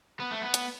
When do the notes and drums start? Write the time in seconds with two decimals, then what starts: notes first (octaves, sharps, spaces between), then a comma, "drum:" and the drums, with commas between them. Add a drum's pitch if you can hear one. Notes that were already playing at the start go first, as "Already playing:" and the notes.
0.20 B3
0.31 A3
0.42 B3
0.54 drum: hi-hat